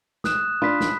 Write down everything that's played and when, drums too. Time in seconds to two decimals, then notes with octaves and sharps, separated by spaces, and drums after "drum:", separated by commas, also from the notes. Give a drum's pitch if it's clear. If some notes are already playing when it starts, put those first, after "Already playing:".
0.24 D#6 F#6 E7, drum: snare
0.62 D4 F4 B5 B6
0.80 drum: snare